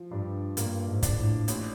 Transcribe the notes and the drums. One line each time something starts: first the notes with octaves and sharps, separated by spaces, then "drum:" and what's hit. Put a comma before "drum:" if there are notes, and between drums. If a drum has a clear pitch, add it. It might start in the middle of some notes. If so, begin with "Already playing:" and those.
Already playing: F3
G2 D4
G2 A#3, drum: hi-hat
G#2
D4, drum: kick, hi-hat
A2
A1, drum: hi-hat